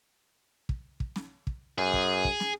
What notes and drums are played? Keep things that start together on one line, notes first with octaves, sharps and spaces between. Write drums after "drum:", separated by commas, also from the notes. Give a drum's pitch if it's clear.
drum: kick
drum: kick
drum: snare
drum: kick
F#2 G#4
drum: kick
drum: kick
drum: snare